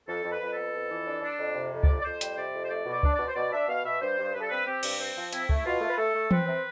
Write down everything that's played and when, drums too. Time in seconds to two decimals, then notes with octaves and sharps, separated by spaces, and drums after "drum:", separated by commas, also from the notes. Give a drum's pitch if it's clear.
0.08 F2 A4
0.24 F2
0.30 B4
0.41 F2
0.52 A4
0.57 B3
0.74 F2
0.90 E3
1.07 D4
1.23 D4
1.39 F2
1.55 C3
1.72 F2
1.83 F2 D5, drum: kick C#2
1.99 D5
2.04 F2 C5
2.21 G3, drum: hi-hat
2.37 C3 D5
2.54 F2
2.64 C5
2.70 A3 D5
2.86 B2
2.92 D5
3.03 D4, drum: kick C#2
3.14 D5
3.19 B2
3.28 C5
3.36 B2 D5
3.52 D4 E5
3.69 B2 F5
3.85 B2 E5
4.01 G2 C5
4.18 G2
4.34 G2 B4
4.41 A4
4.49 C4 B4
4.67 C4 G4
4.83 G2, drum: cymbal
5.00 C4
5.16 F3
5.33 C4 E4, drum: hi-hat
5.49 A3, drum: kick C#2
5.56 E4
5.66 B2 F4
5.81 A3
5.90 B4
5.98 A3 A4
6.14 A3
6.31 C4 B4, drum: tom E3
6.47 C4